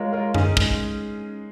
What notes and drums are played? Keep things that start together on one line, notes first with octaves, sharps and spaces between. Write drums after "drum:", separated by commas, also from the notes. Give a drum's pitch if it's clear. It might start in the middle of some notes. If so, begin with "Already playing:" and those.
Already playing: G#3 F4 G#4 A#4 C#5
F4 A#4
C#4 D#4 G#4, drum: tom F#2
G#3, drum: kick